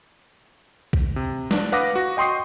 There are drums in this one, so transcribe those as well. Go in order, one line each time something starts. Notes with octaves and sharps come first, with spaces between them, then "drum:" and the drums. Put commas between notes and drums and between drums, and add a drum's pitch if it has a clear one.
drum: kick B1
C3
D4, drum: snare
B4 F5 F#5 D6 D#6 A#6
F#4
D#5 G5 C6 C#6 D#6 C7